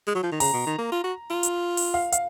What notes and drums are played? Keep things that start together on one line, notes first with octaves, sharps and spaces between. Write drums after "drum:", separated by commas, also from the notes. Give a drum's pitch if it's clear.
G#3
F#3
F3
D#3
C#3 A#5, drum: open hi-hat
B2
D#3
A#3
F4
F#4
F4
drum: hi-hat
drum: open hi-hat
F5
F5, drum: hi-hat